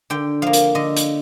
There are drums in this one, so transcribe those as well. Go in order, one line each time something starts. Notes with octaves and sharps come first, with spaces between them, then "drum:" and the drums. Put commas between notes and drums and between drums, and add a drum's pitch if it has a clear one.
D3 G5
F3 A#3 F5
drum: hi-hat
D3 D#5
drum: hi-hat